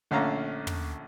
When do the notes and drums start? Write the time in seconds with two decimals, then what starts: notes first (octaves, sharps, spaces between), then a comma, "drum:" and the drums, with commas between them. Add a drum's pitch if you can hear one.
0.11 A#1 D3 A3 C#4 F5 A#5
0.67 drum: tom